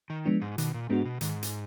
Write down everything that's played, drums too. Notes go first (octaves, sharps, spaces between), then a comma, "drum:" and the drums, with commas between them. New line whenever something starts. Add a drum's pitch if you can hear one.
D#3
F3 G#3 B3 D4
G#2
B2 D#3, drum: hi-hat
A#2
G#2 G#3 B3 D4 F#4
B2
G#2 D#3, drum: hi-hat
drum: hi-hat